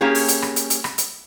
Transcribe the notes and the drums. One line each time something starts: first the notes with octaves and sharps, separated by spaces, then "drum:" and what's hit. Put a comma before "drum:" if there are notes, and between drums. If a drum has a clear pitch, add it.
A#3 C#4 G4 G#4
drum: open hi-hat
drum: hi-hat
drum: rim click
drum: hi-hat
drum: hi-hat
drum: rim click
drum: hi-hat